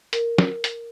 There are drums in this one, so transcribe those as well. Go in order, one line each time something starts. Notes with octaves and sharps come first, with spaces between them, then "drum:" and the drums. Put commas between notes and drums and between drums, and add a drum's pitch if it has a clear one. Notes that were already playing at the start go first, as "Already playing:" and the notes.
A#4, drum: hi-hat
drum: snare
drum: hi-hat